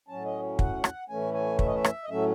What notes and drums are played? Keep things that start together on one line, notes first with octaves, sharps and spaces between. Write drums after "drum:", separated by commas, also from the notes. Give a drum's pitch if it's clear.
A2 F#3 C#4 A5
D#5
F#5, drum: kick
drum: rim click
A2 E3 A3 C#4 G#5
G#5
E5, drum: kick
D#5
E5
drum: rim click
D#5
A2 F#3 A3 C#4 E5